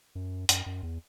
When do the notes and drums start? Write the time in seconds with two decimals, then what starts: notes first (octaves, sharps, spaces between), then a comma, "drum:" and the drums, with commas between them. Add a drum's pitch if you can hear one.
0.15 F#2
0.49 F#2, drum: hi-hat
0.66 F#2
0.83 E2